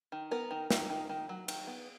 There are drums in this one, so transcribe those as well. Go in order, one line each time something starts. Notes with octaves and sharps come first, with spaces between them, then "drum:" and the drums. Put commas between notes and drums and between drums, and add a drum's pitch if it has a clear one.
D#3
B3 A#4
D#3
D#3, drum: snare
D#3
D#3
F#3
D#3, drum: cymbal
B3